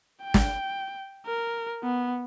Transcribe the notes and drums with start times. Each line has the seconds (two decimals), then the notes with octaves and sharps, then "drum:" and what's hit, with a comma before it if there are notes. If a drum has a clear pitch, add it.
0.23 G5
0.34 drum: snare
1.27 A#4
1.83 B3